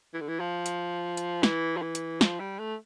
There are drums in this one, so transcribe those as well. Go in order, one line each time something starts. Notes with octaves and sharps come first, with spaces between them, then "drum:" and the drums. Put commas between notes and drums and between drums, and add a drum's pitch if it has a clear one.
E3
D3
E3
F3
drum: hi-hat
drum: hi-hat
E3, drum: snare
F3
E3
drum: hi-hat
F3, drum: snare
G3
A3